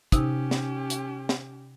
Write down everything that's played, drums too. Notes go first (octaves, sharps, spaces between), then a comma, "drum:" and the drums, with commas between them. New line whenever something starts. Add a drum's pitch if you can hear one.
C3 C#4 D#4 G4, drum: kick, hi-hat
drum: snare
drum: hi-hat
drum: snare